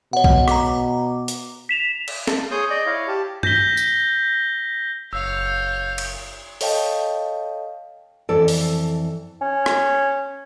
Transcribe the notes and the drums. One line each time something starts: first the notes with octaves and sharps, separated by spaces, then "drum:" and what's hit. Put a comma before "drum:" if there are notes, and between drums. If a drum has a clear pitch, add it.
B2 C#5 F#5
drum: kick B1
A#5 D6, drum: rim click
drum: hi-hat
B6 E7 F7
drum: cymbal
A5, drum: snare
G#4 C#5 C6 D#6 G6
D5 D#5 G6
E4 C#5 F5
G4 A5
G6 A#6 B6 G7, drum: tom G2
drum: tambourine
F#1 C#5 F5 E6 G6
drum: cymbal
A4 C#5 D#5 F5 G5 A5, drum: open hi-hat
F2 E3 A4 D5
drum: open hi-hat
C#4
drum: rim click